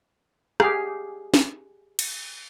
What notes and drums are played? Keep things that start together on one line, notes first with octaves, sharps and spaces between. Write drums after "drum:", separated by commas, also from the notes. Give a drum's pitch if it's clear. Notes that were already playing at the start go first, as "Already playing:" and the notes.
G4 G#4 F5, drum: rim click
drum: snare
drum: cymbal